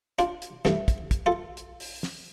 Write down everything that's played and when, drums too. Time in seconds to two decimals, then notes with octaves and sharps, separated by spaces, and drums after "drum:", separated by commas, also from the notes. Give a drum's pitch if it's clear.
0.19 D4 F4, drum: hi-hat
0.42 drum: hi-hat
0.65 G2 E3 A3, drum: snare
0.88 drum: kick, hi-hat
1.11 drum: kick, hi-hat
1.26 F4 A4
1.57 drum: hi-hat
1.80 drum: open hi-hat
2.03 drum: snare